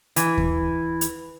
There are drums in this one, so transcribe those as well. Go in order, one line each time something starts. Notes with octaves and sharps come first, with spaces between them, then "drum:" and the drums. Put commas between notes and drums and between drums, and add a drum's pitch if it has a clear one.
E3, drum: hi-hat
drum: kick D#2
drum: hi-hat